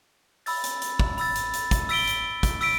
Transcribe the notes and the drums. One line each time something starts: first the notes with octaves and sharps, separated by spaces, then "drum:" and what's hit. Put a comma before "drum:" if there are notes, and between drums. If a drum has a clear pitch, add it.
B5 E6 A6, drum: open hi-hat
drum: hi-hat
drum: hi-hat
drum: kick
B5 E6 A6, drum: open hi-hat
drum: hi-hat
drum: hi-hat
drum: kick, hi-hat
E6 B6 D7 G7, drum: open hi-hat
drum: hi-hat
drum: kick, hi-hat
E6 B6 D7, drum: open hi-hat